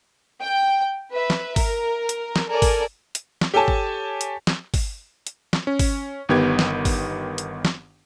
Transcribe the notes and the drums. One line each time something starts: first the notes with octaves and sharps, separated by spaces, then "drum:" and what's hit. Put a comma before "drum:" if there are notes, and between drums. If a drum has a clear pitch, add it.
G5
B4 E5
drum: snare
A#4, drum: kick, open hi-hat
drum: hi-hat
drum: snare
A4 A#4 D5 G#5
drum: kick, open hi-hat
drum: hi-hat
drum: snare
G4 A4 C#5 G#5 A5
drum: kick
drum: hi-hat
drum: snare
drum: kick, open hi-hat
drum: hi-hat
drum: snare
C#4
drum: kick, open hi-hat
G1 D#3 B3 G4 G#6
drum: snare
drum: kick, open hi-hat
drum: hi-hat
drum: snare